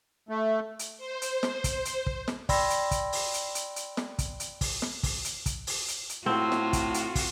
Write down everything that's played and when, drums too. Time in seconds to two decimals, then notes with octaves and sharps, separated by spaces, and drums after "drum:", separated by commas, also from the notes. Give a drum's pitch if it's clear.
0.29 A3
0.79 drum: hi-hat
0.98 C5
1.22 drum: hi-hat
1.43 drum: snare
1.64 drum: kick, hi-hat
1.85 drum: hi-hat
2.06 drum: kick
2.28 drum: snare
2.49 D5 G5 B5 C6 E6 A#6, drum: kick, open hi-hat
2.70 drum: hi-hat
2.91 drum: kick, hi-hat
3.13 drum: open hi-hat
3.34 drum: hi-hat
3.55 drum: hi-hat
3.76 drum: hi-hat
3.97 drum: snare
4.19 drum: kick, hi-hat
4.40 drum: hi-hat
4.61 drum: kick, open hi-hat
4.82 drum: snare
5.03 drum: kick, open hi-hat
5.25 drum: hi-hat
5.46 drum: kick, hi-hat
5.67 drum: open hi-hat
5.88 drum: hi-hat
6.09 drum: hi-hat
6.26 A2 C4 F4 F#4
6.52 drum: snare
6.73 drum: kick, hi-hat
6.94 drum: hi-hat
7.15 drum: kick, open hi-hat